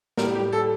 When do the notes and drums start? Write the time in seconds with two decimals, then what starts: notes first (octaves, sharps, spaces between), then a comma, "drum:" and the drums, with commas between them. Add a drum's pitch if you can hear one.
0.17 A2 G3 A#4, drum: snare
0.35 G4
0.53 A4